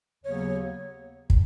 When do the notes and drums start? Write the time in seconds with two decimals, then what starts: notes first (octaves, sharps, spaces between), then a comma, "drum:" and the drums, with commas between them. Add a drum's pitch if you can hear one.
0.24 D#2 C#3 F#3 B3 C#5
1.30 drum: kick